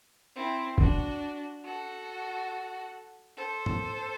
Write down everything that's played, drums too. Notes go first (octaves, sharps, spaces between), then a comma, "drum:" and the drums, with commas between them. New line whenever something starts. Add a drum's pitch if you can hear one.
C4 E4
D4 F#4, drum: kick
F#4 A4
A4 C5
drum: tom G#2